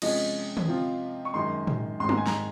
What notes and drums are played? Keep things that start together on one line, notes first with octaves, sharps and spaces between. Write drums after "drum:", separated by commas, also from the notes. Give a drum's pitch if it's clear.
C3 F3 G#3 C#4 D#5, drum: cymbal
drum: tom
C3 F3 C4 F4
C#6
F#2 D#3 G#3 C6
drum: tom
G#2 D#3 G#3 C4 C6
A#5, drum: tom
G#5
A#5, drum: snare